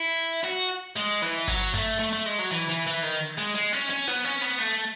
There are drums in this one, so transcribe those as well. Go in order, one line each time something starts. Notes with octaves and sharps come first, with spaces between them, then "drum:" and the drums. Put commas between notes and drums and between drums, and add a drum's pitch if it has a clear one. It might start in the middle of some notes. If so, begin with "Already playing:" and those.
Already playing: E4
F#4
G#3
E3
F#3, drum: kick G1
A3, drum: tom F#2
A3
A3
G#3
F#3
E3
E3
E3
D#3
G#3
G#3
C#4
C#4
B3, drum: snare
C#4
B3
A3